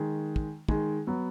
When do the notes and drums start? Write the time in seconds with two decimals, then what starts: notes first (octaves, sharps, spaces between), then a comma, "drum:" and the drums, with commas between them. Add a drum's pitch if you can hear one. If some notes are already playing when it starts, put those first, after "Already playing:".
Already playing: D#3 G#3
0.36 drum: kick
0.69 D#3 G#3, drum: kick
1.07 F#3 B3